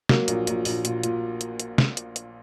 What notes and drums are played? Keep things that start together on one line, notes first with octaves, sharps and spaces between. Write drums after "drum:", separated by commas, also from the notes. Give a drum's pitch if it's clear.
F#3 A#3, drum: snare
A#1, drum: hi-hat
A#1, drum: hi-hat
A#1, drum: open hi-hat
A#2, drum: hi-hat
A#2, drum: hi-hat
drum: hi-hat
drum: hi-hat
drum: snare
drum: hi-hat
drum: hi-hat